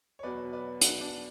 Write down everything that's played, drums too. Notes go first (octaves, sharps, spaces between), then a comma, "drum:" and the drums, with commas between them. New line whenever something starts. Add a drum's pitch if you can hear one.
C#5
E2 B2 F#3 B4 D5
B4 D5
D4 F#4, drum: hi-hat
D4